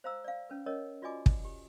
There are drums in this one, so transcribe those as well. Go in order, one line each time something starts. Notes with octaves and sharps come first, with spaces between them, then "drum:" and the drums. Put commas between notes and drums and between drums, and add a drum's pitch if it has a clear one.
C5 F5 A#5 E6
D5 F5
C#4 B4
C#4 A#4 C#5 D#5
F4 F#4 D5 D#5 G#5 D6
drum: kick
G4